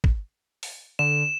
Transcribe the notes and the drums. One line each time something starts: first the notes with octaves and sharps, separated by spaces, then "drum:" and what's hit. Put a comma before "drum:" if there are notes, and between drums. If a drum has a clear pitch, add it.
drum: kick
drum: open hi-hat
D3 E7